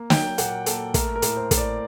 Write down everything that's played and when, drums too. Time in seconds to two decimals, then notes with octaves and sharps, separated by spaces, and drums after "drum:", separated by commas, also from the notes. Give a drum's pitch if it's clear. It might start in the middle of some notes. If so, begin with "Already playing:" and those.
Already playing: A#3
0.10 F#3 G5, drum: snare
0.38 A#2 F#5, drum: hi-hat
0.66 A#3 A4, drum: hi-hat
0.94 A3 A#4, drum: kick, hi-hat
1.16 A#4
1.22 A2, drum: hi-hat
1.37 C5
1.51 A2, drum: kick, hi-hat
1.58 D5